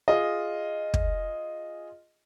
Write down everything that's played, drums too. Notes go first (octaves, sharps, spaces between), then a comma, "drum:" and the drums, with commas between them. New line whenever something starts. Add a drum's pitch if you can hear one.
F4 G#4 D#5
drum: kick